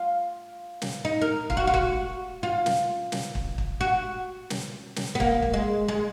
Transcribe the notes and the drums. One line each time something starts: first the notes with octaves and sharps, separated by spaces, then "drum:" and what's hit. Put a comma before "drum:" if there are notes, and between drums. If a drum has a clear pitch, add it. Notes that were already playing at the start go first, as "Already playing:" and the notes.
Already playing: F4
drum: snare
D#4
A#4
F4, drum: kick
F#4
F4
F#4, drum: kick
F4
drum: snare
drum: snare
drum: kick
drum: kick
F#4
drum: snare
drum: snare
B3
A#3, drum: kick
drum: kick
G#3
G#3